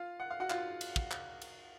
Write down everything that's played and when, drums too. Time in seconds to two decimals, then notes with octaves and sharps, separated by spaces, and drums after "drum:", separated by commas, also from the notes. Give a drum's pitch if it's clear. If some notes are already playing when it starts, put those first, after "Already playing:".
Already playing: F4 F5
0.20 F#5
0.30 F5
0.40 F#4 F#5
0.50 F4 F5, drum: clap
0.81 drum: cymbal
0.96 drum: kick
1.11 drum: clap
1.41 drum: cymbal